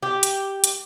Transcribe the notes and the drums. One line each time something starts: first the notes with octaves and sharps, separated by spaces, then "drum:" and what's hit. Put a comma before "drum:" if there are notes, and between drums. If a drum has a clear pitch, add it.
G4
drum: hi-hat
drum: hi-hat